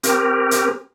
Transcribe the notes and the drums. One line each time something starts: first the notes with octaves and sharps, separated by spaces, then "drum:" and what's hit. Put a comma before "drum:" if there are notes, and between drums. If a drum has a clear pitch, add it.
C4 G4 A#4, drum: hi-hat
drum: hi-hat